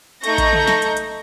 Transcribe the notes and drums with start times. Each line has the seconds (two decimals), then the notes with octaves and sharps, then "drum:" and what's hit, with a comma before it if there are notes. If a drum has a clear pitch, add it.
0.24 A3 D#4 C#6 G6 A#6, drum: hi-hat
0.38 drum: kick A1, hi-hat
0.53 drum: tom
0.67 drum: snare
0.82 drum: hi-hat
0.97 drum: hi-hat